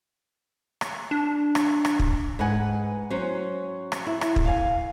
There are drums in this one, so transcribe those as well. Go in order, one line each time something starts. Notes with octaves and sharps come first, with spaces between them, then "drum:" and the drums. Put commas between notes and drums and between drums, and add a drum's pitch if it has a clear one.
drum: rim click
D4
drum: rim click
drum: rim click
drum: kick
G#2 B4 F#5 G#5
F#3 C#4 C5
drum: rim click
E4
drum: rim click
drum: kick
F5 G#5